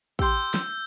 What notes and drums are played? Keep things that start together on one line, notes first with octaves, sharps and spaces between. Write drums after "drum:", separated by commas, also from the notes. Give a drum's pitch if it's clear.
G4 C6 E6 G6, drum: kick
drum: snare